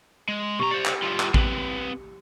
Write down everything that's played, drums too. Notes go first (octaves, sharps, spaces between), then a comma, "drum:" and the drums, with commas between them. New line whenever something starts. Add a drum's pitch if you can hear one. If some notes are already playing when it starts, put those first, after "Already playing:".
G#3
B2 G4 A#5 C#6
G4 C5 D5 C#7
drum: clap
G3 F4
drum: clap
C4 B4, drum: kick A1